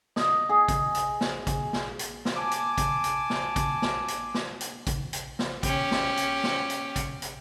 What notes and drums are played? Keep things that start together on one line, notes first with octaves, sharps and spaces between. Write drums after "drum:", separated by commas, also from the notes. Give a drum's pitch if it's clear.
D#5, drum: snare
G#4
drum: kick A1, hi-hat
drum: hi-hat
drum: snare
drum: kick A1, hi-hat
drum: snare
drum: hi-hat
drum: snare
G#5 A5 D6
drum: hi-hat
drum: kick A1, hi-hat
drum: hi-hat
drum: snare
drum: kick A1, hi-hat
drum: snare
drum: hi-hat
drum: snare
drum: hi-hat
drum: kick A1, hi-hat
drum: hi-hat
drum: snare
C#4 G4, drum: kick A1, hi-hat
drum: snare
drum: hi-hat
drum: snare
drum: hi-hat
drum: kick A1, hi-hat
drum: hi-hat